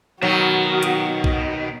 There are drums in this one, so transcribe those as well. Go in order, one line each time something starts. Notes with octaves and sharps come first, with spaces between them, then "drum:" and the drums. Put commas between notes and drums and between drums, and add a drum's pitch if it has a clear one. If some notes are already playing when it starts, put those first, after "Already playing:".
B2 D#3 F#3 F#4
drum: hi-hat
drum: kick B1